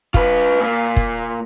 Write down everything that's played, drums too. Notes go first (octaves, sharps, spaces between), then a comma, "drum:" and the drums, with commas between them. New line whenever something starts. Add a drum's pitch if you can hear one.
F4 B4, drum: kick
A#2 A#3
drum: kick